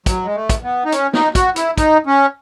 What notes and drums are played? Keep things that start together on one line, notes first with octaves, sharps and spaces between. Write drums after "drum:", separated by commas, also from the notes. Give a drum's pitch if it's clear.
F#3, drum: kick, hi-hat
G#3
A3
drum: kick, hi-hat
B3
D#4
C#4, drum: hi-hat
D#4, drum: snare
F#4, drum: kick, hi-hat
E4, drum: hi-hat
D#4, drum: kick, hi-hat
C#4